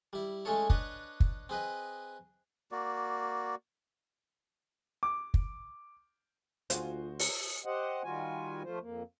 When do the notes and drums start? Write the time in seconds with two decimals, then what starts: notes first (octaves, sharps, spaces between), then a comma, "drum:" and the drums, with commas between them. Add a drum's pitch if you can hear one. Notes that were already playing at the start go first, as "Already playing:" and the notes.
0.13 G3 E4
0.45 G#3 A3 C#4 G#4 A4 C#5
0.70 D4 B4 C#5 D#5, drum: kick
1.20 drum: kick
1.49 C4 G#4 B4 D#5
2.72 A#3 F#4 D5
5.03 D6
5.34 drum: kick
6.70 D2 F4 F#4 G#4 C5, drum: hi-hat
7.20 drum: open hi-hat
7.65 G4 C5 D#5 F#5
8.04 D#3 G3 F4 F#4 G#5
8.64 F3 A3 F4 C5
8.81 F2 A#3